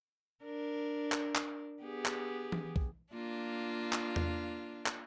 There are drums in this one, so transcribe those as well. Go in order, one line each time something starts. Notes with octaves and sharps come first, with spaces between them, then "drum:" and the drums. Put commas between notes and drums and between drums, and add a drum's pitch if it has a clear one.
D4 A#4
drum: clap
drum: clap
B3 G4 G#4
drum: clap
drum: tom E3
drum: kick
A#3 D4 F4
drum: clap
drum: tom E2
drum: clap